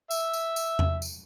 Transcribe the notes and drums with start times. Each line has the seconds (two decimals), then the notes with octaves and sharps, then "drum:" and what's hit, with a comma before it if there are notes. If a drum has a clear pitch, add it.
0.11 E5, drum: tambourine
0.33 drum: tambourine
0.56 drum: tambourine
0.79 drum: tom E2
1.02 drum: tambourine